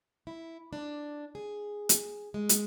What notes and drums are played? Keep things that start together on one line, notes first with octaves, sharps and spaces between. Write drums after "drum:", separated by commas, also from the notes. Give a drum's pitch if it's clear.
E4
D4
G#4
drum: hi-hat
G#3
drum: hi-hat